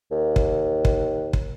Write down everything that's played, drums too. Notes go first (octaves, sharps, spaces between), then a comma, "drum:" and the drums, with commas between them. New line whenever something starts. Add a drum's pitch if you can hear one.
D#2
drum: kick
drum: kick
drum: kick